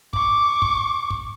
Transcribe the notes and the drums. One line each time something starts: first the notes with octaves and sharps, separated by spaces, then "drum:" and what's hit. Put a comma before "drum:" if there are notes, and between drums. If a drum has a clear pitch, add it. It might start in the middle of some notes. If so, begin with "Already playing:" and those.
C#6 D6, drum: kick
drum: kick
drum: kick